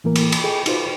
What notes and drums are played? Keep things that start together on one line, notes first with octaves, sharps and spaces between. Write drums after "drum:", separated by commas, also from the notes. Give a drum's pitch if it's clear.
A2 E3 A#3 A#4
drum: cymbal
drum: cymbal
G#4 A4 D#5 G5
D#4 F4 F#4 B4 C5, drum: cymbal